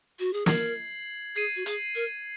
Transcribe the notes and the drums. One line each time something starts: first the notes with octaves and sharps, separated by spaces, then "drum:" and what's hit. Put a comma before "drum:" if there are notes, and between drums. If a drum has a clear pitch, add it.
F#4
G#4
A#4 G#6 C7 F#7, drum: snare
G#4 G#6 C7 D#7
F#4
G#4, drum: hi-hat
A#4